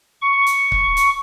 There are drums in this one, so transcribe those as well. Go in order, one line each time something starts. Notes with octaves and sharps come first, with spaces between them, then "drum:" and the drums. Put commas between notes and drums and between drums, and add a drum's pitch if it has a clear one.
C#6
drum: hi-hat
drum: kick C#1
drum: hi-hat